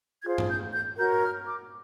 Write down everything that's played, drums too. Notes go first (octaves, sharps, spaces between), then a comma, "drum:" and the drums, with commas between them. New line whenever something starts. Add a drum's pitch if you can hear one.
F4 G#4 C5 G#6
drum: tom G2
G6
G6
F#4 A#4 C#5 G6
F6
D6